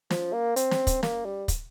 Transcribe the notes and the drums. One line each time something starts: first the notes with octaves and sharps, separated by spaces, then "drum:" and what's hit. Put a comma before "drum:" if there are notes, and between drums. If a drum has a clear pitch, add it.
F3, drum: snare
A#3
C4, drum: hi-hat
drum: snare
drum: kick, hi-hat
A#3, drum: snare
G3
drum: kick, hi-hat